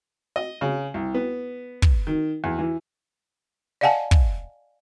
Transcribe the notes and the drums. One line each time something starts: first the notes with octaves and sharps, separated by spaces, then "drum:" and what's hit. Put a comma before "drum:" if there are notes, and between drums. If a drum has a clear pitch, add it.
D#5
C#3
C2
B3
drum: kick
D#3
E2
E3
D5 D#5 F5 F#5 G#5 A5
drum: kick